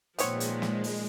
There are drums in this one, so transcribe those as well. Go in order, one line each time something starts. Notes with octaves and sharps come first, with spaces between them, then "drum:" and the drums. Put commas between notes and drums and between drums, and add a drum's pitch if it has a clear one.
A#2 D#3 F3 G#3 B3 C4 C#5, drum: hi-hat
drum: hi-hat
drum: snare
drum: open hi-hat